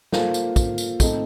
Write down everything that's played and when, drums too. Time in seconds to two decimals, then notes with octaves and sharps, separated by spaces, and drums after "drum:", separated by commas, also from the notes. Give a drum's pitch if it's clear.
0.12 A#3 F4 A4 C5 F5, drum: snare
0.34 drum: tambourine
0.56 drum: kick, tambourine
0.78 drum: tambourine
1.00 A3 C4 D#4 A4, drum: kick, tambourine